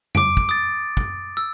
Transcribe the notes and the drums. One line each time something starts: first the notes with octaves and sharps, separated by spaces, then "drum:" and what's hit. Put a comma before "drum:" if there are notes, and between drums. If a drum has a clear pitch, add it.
D6 D7, drum: tom F2
drum: kick
D#6 A6
drum: kick
E6